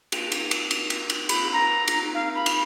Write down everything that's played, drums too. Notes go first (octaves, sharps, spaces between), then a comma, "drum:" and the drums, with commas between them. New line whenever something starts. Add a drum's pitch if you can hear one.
drum: cymbal
drum: cymbal
drum: cymbal
drum: cymbal
drum: cymbal
drum: cymbal
B5, drum: cymbal
A#5
drum: cymbal
F5
B5
drum: cymbal